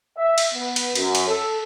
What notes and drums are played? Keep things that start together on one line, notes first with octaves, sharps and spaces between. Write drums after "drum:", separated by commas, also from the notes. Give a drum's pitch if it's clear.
E5
drum: cymbal
B3
drum: cymbal
F#2, drum: cymbal
drum: cymbal
A4